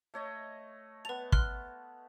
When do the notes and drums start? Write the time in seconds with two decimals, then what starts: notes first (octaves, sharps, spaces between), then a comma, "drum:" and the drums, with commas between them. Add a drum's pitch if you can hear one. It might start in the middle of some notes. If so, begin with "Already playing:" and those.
0.14 A3 C#5 D#5
1.05 B3 B4 A5 F7
1.32 C6 F6 F#6, drum: kick